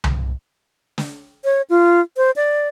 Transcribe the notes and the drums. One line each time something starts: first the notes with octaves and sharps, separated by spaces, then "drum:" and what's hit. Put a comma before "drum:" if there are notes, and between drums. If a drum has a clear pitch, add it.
drum: tom C2
drum: snare
C#5
F4
C5
D5